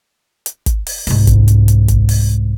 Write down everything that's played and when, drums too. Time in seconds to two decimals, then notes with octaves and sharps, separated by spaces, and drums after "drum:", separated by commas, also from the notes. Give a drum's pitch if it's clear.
0.46 drum: hi-hat
0.66 drum: kick, hi-hat
0.87 drum: open hi-hat
1.07 C2 G#2, drum: open hi-hat
1.27 drum: kick, hi-hat
1.48 drum: hi-hat
1.68 drum: hi-hat
1.88 drum: kick, hi-hat
2.09 drum: open hi-hat